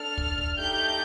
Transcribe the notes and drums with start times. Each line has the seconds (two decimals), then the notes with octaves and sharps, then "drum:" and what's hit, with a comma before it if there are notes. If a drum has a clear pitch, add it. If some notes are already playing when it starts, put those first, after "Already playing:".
Already playing: D4 A4 F6
0.18 drum: kick
0.38 drum: kick
0.58 A3 D#4 G4 G6